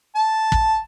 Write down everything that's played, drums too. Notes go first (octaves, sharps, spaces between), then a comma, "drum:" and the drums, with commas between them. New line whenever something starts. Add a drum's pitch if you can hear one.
A5
drum: kick